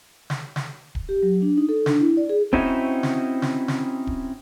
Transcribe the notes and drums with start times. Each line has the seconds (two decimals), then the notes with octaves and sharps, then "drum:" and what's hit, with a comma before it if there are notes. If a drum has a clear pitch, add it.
0.30 drum: snare
0.56 drum: snare
0.95 drum: kick D1
1.09 G4
1.23 F#3
1.42 D4
1.57 D#4
1.69 A4
1.86 D4, drum: snare
2.00 E4
2.17 D5
2.29 G#4
2.53 C4 C#4 D#4 E4 F#4, drum: kick D1
3.03 drum: snare
3.42 drum: snare
3.68 drum: snare
4.07 drum: kick D1